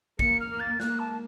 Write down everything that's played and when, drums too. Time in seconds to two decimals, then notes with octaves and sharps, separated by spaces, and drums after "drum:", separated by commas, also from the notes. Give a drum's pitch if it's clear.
0.19 A#3 C#7, drum: kick
0.40 F6
0.50 A#3
0.60 A6
0.80 A#3 F#6, drum: snare
0.99 A5